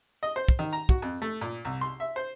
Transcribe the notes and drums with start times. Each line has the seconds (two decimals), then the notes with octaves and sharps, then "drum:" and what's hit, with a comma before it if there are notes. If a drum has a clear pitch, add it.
0.23 D#5
0.36 C5
0.49 drum: kick
0.59 D#3
0.73 A#5
0.89 F#4, drum: kick
1.02 F2
1.22 A3
1.41 A#2
1.65 C2
1.81 C6
2.00 E5
2.16 C5